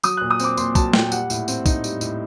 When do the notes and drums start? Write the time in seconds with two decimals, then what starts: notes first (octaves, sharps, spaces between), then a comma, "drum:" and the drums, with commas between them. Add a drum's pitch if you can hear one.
0.04 F#3 D#6, drum: tambourine
0.17 A#2 F#6
0.30 D#6
0.40 C4 D6, drum: tambourine
0.57 A#2 C6, drum: tambourine
0.75 F#3 A5, drum: kick, tambourine
0.93 A#2 G5, drum: snare
1.12 G3 F#5, drum: tambourine
1.30 A2, drum: tambourine
1.48 C4, drum: tambourine
1.66 D#4, drum: kick, tambourine
1.84 G3, drum: tambourine
2.01 A2, drum: tambourine